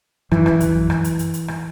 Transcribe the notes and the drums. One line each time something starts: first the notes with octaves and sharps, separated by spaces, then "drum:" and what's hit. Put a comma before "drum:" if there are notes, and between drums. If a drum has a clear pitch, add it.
F#2 E3, drum: rim click
drum: rim click
drum: kick, hi-hat
F#2
drum: rim click
drum: hi-hat
drum: hi-hat
drum: hi-hat
drum: rim click